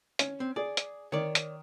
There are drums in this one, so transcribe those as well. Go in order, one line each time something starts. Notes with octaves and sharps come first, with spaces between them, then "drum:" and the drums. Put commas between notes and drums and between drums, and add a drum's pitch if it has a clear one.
C#4, drum: hi-hat
C4
G#4 D5
drum: hi-hat
D#3 C#5 D5
drum: hi-hat